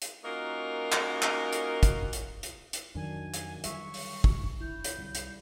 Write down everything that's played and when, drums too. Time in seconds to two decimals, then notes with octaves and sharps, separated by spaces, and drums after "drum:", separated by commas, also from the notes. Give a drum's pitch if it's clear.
0.02 drum: hi-hat
0.24 A#3 C#4 D#4 F4 F#4 A#4
0.92 drum: clap
1.22 drum: clap
1.53 drum: hi-hat
1.83 drum: kick, hi-hat
2.13 drum: hi-hat
2.43 drum: hi-hat
2.73 drum: hi-hat
2.95 F2 D#3 F#3 D4 G#5
3.34 drum: hi-hat
3.64 D3 G3 E5 C#6, drum: hi-hat
3.94 drum: open hi-hat
4.24 drum: kick
4.61 D3 E4 G6
4.84 drum: hi-hat
4.99 C2 G3
5.15 drum: hi-hat